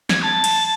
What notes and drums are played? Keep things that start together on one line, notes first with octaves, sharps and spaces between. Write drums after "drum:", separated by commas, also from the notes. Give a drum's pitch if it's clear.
G#6, drum: snare
A5
drum: cymbal